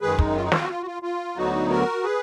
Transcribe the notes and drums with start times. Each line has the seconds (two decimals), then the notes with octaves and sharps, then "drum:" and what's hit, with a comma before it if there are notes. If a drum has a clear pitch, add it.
0.01 F#2 D#3 G#3 G#4 B4
0.19 D#4, drum: kick
0.36 F4
0.44 D#4
0.52 F4, drum: snare
0.61 F#4
0.69 F4
0.82 F#4
0.86 F4
1.03 F4
1.36 D2 D3 F#3 B3 D#4 F#4
1.70 F#4 A#4
2.04 G#4 B4